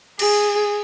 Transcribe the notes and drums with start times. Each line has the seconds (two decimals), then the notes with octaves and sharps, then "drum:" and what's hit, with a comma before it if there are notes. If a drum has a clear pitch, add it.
0.19 G#4, drum: cymbal